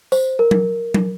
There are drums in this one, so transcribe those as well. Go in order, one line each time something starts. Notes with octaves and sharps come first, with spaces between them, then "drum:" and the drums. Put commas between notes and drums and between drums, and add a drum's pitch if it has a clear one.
C5, drum: tambourine
A#4
drum: tom F#3
drum: tom F#3